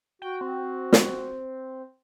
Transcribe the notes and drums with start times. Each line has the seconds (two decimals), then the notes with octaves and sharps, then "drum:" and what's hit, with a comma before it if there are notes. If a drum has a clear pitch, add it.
0.22 F#4 G5
0.41 C4
0.93 drum: snare